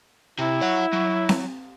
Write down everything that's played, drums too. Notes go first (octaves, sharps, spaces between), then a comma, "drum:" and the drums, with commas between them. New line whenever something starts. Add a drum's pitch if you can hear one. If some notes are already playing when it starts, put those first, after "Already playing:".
C3 E4
C#5 F#5
F#3
drum: snare C4